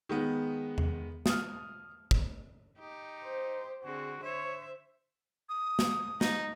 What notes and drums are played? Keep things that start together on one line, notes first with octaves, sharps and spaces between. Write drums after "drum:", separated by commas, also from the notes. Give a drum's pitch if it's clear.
D#3 G#3 B3
drum: tom E2
D#6 F6, drum: snare
drum: kick
D#4 G4
C5
D3 C4 F#4 G#4
C5 C#5 E5
D#6
drum: snare
D#4, drum: snare